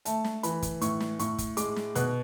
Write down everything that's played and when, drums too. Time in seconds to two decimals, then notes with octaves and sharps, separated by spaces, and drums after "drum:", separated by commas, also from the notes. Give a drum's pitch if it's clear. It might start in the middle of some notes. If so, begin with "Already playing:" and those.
0.05 A3 A5, drum: hi-hat
0.24 drum: snare
0.43 E3 B5, drum: hi-hat
0.62 drum: kick, hi-hat
0.81 A2 C#6, drum: hi-hat
1.00 drum: snare
1.19 A2 C#6, drum: hi-hat
1.38 drum: kick, hi-hat
1.57 G#3 D6, drum: hi-hat
1.76 drum: snare
1.95 B2 F#6, drum: hi-hat